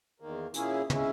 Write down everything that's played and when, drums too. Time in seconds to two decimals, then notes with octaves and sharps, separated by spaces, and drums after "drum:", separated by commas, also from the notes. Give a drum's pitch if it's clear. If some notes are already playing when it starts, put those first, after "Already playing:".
0.20 E2 D#3 A#3
0.54 A#2 A#3 C#4 E4 G#4, drum: hi-hat
0.90 C#3 G#3 C#4 E4, drum: tom